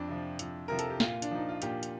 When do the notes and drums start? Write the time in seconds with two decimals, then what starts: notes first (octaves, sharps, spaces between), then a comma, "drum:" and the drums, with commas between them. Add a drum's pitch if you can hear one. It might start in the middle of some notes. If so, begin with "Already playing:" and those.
Already playing: F2 D4
0.09 C3 F3
0.39 F2, drum: hi-hat
0.68 C3 F3 A#4
0.79 A4, drum: hi-hat
0.90 G4
1.00 A#2 F4, drum: snare
1.22 D4, drum: hi-hat
1.31 F3 D#4
1.49 F4
1.62 A#2 G4, drum: hi-hat
1.83 drum: hi-hat